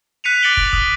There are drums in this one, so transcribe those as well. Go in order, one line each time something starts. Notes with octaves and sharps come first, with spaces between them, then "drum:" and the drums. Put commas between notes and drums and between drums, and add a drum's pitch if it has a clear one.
F#6 B6 C#7 D#7 F7
D6 A6 C#7 D7 F#7 G7
drum: kick
D#6 G7, drum: kick